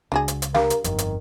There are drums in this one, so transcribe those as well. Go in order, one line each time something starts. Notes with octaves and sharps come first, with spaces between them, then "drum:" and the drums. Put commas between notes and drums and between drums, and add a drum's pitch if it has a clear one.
C#2 D4 F#4 G#4
drum: hi-hat
drum: hi-hat
G3 D4 A#4 F5, drum: snare
drum: hi-hat
G1 F2 D#3, drum: hi-hat
drum: hi-hat